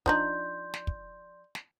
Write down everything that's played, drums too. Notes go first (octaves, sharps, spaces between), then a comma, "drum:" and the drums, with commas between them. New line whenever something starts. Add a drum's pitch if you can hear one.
F3 D4 D#4 D5 C6 G6, drum: kick
drum: snare
drum: kick
drum: snare